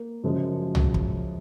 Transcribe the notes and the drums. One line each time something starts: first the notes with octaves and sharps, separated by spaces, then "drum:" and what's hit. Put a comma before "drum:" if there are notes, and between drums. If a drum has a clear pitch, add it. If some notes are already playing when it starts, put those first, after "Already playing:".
Already playing: A#3
F#2 C#3 F3 G#3
drum: tom C2
drum: kick